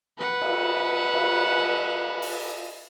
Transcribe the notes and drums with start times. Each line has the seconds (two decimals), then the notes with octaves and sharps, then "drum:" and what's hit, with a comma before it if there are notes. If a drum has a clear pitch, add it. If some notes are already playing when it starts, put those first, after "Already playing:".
0.18 B4 F#5
0.42 drum: cymbal
1.14 drum: cymbal
2.22 drum: open hi-hat